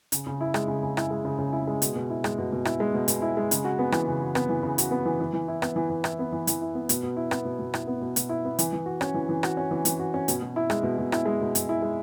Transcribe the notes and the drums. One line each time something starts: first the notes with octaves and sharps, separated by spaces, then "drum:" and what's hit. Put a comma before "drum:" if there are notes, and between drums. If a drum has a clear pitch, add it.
C#3, drum: hi-hat
C#3
E4
G#3, drum: rim click
C#3
C#3
E4, drum: rim click
G#3
C#3
C#3
E4
G#3
B2, drum: hi-hat
B2
E4
G#3, drum: rim click
B2
B2
E4, drum: rim click
G#3
B2
B2, drum: hi-hat
E4
G#3
C#3, drum: hi-hat
F#4
B3
E3, drum: rim click
C#3
F#4
B3, drum: rim click
E3
C#3
F#4, drum: hi-hat
B3
E3
E3
E3
E4
B3, drum: rim click
E3
E3
E4, drum: rim click
B3
E3
E3, drum: hi-hat
E4
B3
B2, drum: hi-hat
B2
E4
B3, drum: rim click
B2
B2
E4, drum: rim click
B3
B2
B2, drum: hi-hat
E4
B3
E3, drum: hi-hat
E3
F#4
C#4, drum: rim click
E3
E3
F#4, drum: rim click
C#4
E3
E3, drum: hi-hat
F#4
C#4
B2, drum: hi-hat
B2
E4
G#3, drum: rim click
B2
B2
E4, drum: rim click
G#3
B2
B2, drum: hi-hat
E4
G#3